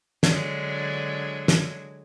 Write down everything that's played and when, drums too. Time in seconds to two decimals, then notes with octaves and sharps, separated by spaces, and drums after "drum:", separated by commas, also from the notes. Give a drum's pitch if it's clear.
0.23 D3 F#3 G#3, drum: snare
1.48 drum: snare